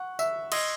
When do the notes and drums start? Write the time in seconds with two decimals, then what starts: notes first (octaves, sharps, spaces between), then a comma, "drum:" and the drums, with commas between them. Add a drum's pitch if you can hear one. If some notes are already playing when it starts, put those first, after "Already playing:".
Already playing: F#5 C#6 F#6
0.19 E5, drum: tambourine
0.52 D#5 C6 E6 G#6 C7, drum: cymbal